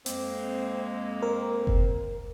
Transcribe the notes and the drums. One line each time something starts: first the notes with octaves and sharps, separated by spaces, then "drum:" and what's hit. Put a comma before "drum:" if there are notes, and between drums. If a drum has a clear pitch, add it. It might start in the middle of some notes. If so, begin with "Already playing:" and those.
F2 G#3 A#3 C4, drum: hi-hat
C4 A#4
drum: kick F#1